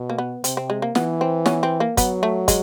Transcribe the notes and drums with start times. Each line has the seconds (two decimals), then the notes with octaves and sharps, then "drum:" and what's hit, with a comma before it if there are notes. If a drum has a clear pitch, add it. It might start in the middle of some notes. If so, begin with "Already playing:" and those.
Already playing: B2
0.10 A#3
0.18 B3
0.44 C3 C4, drum: hi-hat
0.57 C4
0.70 G#3
0.82 A#3
0.95 E3 B3, drum: snare
1.21 C4
1.46 B3 C#4, drum: snare
1.63 C4
1.80 A#3
1.97 F#3 B3, drum: kick, hi-hat
2.23 A3
2.48 G#3, drum: kick, hi-hat